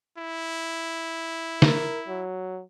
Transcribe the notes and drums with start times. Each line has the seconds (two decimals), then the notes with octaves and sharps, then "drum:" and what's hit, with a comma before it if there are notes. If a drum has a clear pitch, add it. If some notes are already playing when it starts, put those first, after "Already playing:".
0.18 E4
1.62 A#4, drum: snare
2.08 F#3